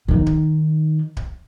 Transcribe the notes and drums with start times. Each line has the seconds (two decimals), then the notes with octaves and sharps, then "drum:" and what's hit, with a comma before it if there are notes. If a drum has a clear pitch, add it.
0.08 D#3 D#4
0.26 drum: kick D1
1.17 drum: kick D1